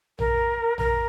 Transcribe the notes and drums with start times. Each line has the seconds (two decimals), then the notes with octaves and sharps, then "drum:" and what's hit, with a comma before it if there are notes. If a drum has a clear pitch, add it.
0.19 A#4, drum: tom A#1
0.78 A#4, drum: tom A#1